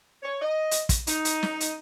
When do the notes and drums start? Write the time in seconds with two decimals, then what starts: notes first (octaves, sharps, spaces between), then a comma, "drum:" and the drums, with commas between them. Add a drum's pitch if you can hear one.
0.22 C#5
0.40 D#5
0.71 drum: hi-hat
0.89 drum: kick, hi-hat
1.07 D#4, drum: hi-hat
1.25 drum: hi-hat
1.43 drum: snare
1.60 drum: hi-hat